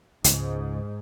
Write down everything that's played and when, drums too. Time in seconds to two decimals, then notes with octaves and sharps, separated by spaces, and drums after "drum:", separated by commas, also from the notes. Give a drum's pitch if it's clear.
0.24 C#2 G#2 C#3, drum: hi-hat